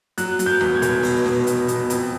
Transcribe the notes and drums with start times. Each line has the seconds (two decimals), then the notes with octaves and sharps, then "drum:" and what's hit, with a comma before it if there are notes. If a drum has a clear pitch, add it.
0.18 F#3 F#6, drum: hi-hat
0.39 F#3, drum: hi-hat
0.46 G6
0.61 E2, drum: snare
0.75 G#6
0.82 F1, drum: hi-hat
1.03 B2, drum: open hi-hat
1.26 B2, drum: snare
1.47 E2, drum: hi-hat
1.68 B2, drum: hi-hat
1.90 F2, drum: hi-hat